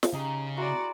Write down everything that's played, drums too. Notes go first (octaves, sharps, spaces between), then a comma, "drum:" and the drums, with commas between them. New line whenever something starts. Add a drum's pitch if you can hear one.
drum: snare
C#3 D#4 G4 G#4
E4 F#4 D5 A#5 C6